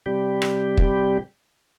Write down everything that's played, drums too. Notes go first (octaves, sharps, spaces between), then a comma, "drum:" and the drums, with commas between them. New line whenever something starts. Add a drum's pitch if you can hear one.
C3 G3 G4
drum: rim click
drum: kick